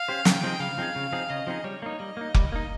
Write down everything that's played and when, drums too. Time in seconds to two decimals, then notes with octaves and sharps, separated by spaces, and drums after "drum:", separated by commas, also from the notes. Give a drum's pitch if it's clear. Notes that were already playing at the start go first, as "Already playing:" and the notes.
Already playing: F5
0.08 C#4 G4 C5
0.25 C#3 G5, drum: snare
0.43 F3 C4 D#4 G#4
0.60 C#3 F5
0.77 F3 C4 D#4 G#4
0.96 C#3
1.12 F3 C4 D#4 G#4
1.29 C#3 D#5
1.47 F3 C4 D#4 G#4
1.64 G3 C#5
1.82 A#3 D#4
1.99 G3 D#5
2.17 A#3 D#4
2.34 G3, drum: kick F1
2.52 A#3 D#4